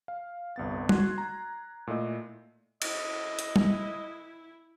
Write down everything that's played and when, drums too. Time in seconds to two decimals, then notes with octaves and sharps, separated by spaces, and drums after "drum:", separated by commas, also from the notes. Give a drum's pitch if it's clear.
0.08 F5
0.56 G1 C2 B3 A6
0.89 F#4 C6 F#6 G#6 C7, drum: tom
1.18 A#5
1.87 A#2 A3 E4 D#5
2.82 E4 D#5, drum: cymbal
3.39 drum: hi-hat
3.56 drum: tom